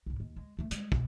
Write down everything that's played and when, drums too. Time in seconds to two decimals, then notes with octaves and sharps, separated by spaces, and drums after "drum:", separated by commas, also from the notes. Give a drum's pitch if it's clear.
0.06 C2 G#2
0.20 D#2
0.37 G#3
0.59 E3 A3
0.71 G3 G#3, drum: hi-hat
0.92 B1, drum: kick